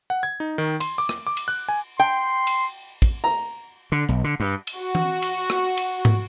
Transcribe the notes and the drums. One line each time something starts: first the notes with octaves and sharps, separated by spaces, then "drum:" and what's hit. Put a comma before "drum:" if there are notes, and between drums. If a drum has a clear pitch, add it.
F#5
G#6
D#4
D#3
C6, drum: cymbal
D6
drum: rim click
D6
drum: cymbal
F#6
G#5
G5 C6
drum: cymbal
drum: kick, cymbal
A#5
D3
B1
D3
G2
drum: cymbal
F#4
drum: tom E3
drum: cymbal
drum: rim click
drum: cymbal
drum: tom G#2